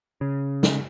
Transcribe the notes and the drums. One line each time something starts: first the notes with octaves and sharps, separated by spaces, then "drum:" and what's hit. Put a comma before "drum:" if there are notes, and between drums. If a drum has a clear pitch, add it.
C#3
drum: snare